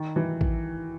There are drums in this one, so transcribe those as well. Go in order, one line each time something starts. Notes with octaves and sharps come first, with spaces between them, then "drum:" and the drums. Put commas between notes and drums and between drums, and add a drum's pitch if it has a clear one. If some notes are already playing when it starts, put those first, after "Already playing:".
Already playing: D#3
E3
drum: kick